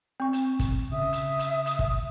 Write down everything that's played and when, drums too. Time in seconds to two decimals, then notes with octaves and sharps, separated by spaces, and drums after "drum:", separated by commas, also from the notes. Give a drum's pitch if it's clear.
0.20 C4 C#6
0.33 drum: hi-hat
0.59 drum: kick, hi-hat
0.92 C#3 E5 D#6
1.13 drum: hi-hat
1.39 drum: hi-hat
1.66 drum: hi-hat
1.79 drum: kick